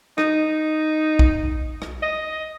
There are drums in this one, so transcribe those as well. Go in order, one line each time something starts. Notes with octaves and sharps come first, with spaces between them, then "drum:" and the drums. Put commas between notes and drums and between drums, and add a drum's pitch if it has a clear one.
D#4, drum: rim click
drum: kick
drum: rim click
D#5